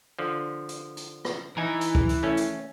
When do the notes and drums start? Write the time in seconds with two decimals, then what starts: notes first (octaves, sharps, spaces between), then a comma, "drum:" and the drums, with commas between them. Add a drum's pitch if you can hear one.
0.19 D3 F3
0.69 drum: hi-hat
0.97 drum: hi-hat
1.25 drum: rim click
1.57 E3 D#4 G#5 A#5
1.81 drum: hi-hat
1.95 drum: kick C#2
2.09 drum: hi-hat
2.23 A3 C#4
2.37 drum: hi-hat